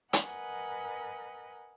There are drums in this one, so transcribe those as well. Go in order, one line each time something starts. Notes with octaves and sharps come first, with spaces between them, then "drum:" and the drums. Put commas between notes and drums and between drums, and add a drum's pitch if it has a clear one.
A#4 B4 D#5 F#5 G#5, drum: hi-hat